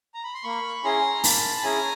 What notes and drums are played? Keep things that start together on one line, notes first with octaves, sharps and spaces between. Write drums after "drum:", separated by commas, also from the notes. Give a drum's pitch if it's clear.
A#5
B5
C6
A#3 B5 C#6
C#4 E4 G#4 A#5 C6
A#3 A5 B5, drum: open hi-hat
A5
C#4 E4 G#4 G#5 A#5